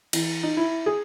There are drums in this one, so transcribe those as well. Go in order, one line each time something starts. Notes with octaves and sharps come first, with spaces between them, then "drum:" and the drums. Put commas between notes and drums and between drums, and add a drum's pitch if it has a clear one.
E3, drum: cymbal
D#4
E4
G#4